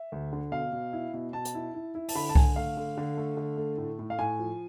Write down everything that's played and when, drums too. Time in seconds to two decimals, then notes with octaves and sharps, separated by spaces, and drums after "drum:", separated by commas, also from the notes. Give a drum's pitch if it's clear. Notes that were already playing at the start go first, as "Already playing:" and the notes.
Already playing: E5
0.12 D2
0.33 D3
0.52 B2 F5
0.73 B2
0.93 E4
1.14 B2
1.33 B2 A5
1.45 drum: hi-hat
1.55 E4
1.74 E4
1.95 E4
2.09 A5, drum: open hi-hat
2.15 D3 B5
2.29 A5
2.35 D3 G#5, drum: kick C2
2.56 A3 F5
2.77 D3
2.97 D3
3.17 A3
3.37 D3
3.57 A3
3.78 A2
3.99 A2
4.10 F5
4.19 A2 G#5
4.39 F3